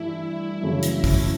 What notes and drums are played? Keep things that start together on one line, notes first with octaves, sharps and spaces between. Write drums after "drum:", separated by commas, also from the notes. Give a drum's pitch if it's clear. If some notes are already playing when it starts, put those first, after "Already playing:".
Already playing: G2 E3 A3 E4
F#2 C#3 E3 A3 C#4
drum: hi-hat
drum: kick, open hi-hat